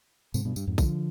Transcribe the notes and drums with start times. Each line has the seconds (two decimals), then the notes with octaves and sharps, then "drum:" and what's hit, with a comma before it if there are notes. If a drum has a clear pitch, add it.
0.34 G#2 C3, drum: tambourine
0.45 G2 B2
0.56 G2, drum: tambourine
0.67 F2 G#2
0.78 D3 F3, drum: kick, tambourine